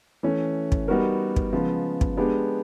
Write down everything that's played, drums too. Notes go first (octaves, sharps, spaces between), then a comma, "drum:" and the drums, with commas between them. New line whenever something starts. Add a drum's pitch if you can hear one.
E3 A3 C#4
drum: kick
G3 B3 D#4 F#4 A#4
drum: kick
C#3 F3 G#3 B3
drum: kick
G#3 B3 D4 G4